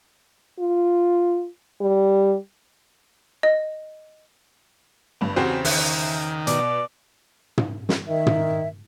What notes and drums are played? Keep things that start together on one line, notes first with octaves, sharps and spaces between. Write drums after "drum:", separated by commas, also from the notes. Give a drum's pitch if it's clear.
F4
G3
D#5
G1 G2
E2 C#3 C4 F#4 G4 C5
D#3 E5 F#6, drum: open hi-hat
B2 D5, drum: hi-hat
drum: tom
drum: snare
D#3 E5
drum: tom